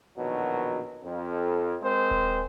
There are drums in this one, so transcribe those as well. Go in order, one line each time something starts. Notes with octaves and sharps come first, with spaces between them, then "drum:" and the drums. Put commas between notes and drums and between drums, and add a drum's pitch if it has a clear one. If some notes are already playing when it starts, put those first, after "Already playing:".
A#1 B2 D#3 F#3
F2
G#3 C4 A#4 C5
drum: kick D#1